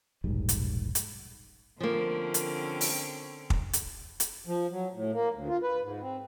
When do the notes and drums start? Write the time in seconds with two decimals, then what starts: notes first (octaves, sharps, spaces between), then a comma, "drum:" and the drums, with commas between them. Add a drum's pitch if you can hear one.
0.24 E1 A#1 G#2 G3
0.49 drum: hi-hat
0.95 drum: hi-hat
1.80 D3 F3 A#3 C4 C#4
2.34 drum: hi-hat
2.81 drum: open hi-hat
3.50 drum: kick
3.73 drum: hi-hat
4.20 drum: hi-hat
4.47 F3
4.71 F#3
4.92 A2
5.13 A#3
5.34 D2
5.48 F4
5.63 B4
5.82 G#2
6.01 C4